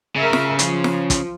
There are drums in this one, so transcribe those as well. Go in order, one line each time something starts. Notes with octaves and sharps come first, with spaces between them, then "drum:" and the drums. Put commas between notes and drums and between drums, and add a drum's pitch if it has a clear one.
C#3 A#4 E5
drum: snare
F3, drum: hi-hat
drum: snare
drum: kick, hi-hat